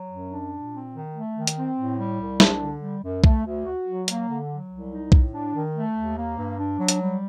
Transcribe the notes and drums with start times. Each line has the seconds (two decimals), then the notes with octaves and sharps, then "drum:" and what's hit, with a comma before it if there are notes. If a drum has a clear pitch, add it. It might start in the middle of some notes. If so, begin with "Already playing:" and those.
Already playing: F#3
0.10 F#2
0.31 D4
0.52 A#2
0.72 C4
0.93 D#3
1.15 A3
1.36 D#3
1.47 drum: hi-hat
1.57 C4
1.77 A2
1.98 G3
2.19 C2
2.40 D4, drum: snare
2.61 D3
2.81 G3
3.03 F#2
3.24 A3, drum: kick B1
3.45 D2
3.65 F#4
3.86 F#3
4.08 A#3, drum: hi-hat
4.28 D3
4.49 F#3
4.70 C2
4.91 D#4
5.12 A2, drum: kick B1
5.33 D4
5.54 D#3
5.74 A3
5.96 D#2
6.16 A#3
6.38 G2
6.58 D4
6.78 F#3
6.88 drum: hi-hat
7.00 G3